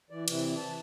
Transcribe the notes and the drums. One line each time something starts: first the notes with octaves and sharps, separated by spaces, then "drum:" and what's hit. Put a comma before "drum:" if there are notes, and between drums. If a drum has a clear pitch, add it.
E3 D5
C3 E3, drum: cymbal
A5